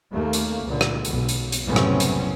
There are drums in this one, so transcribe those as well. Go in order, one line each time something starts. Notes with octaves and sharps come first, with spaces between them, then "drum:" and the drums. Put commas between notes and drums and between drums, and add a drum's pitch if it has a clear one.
D#2 A3 A#3
drum: hi-hat
C#2 A#2 D3
drum: rim click
B1 B2, drum: hi-hat
drum: hi-hat
drum: hi-hat
F#1 C2 A2 C3 B3 C#4
drum: rim click
drum: hi-hat